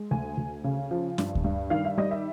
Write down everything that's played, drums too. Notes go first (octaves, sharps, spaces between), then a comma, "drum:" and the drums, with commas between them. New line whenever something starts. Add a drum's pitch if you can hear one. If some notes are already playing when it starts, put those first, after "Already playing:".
Already playing: G#3
D2 G#5
D2
C#3
F3
G2, drum: snare
drum: kick D2
G2
D#3 F5
E5
G3 D#5
E5